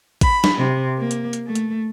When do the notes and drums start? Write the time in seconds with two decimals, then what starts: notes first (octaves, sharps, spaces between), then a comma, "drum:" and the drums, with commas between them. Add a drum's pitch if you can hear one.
0.21 B5, drum: kick A1, hi-hat
0.44 drum: snare
0.58 C3
0.96 A#3
1.11 drum: hi-hat
1.33 drum: hi-hat
1.45 A3
1.55 drum: hi-hat